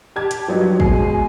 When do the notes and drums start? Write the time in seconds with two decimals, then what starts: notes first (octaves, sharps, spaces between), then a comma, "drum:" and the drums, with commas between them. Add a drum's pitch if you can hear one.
0.16 G4 A5 G#6
0.31 drum: hi-hat
0.48 G2 F3 F#3 D#4 F#4
0.80 B2 G#3 G#5 C7, drum: kick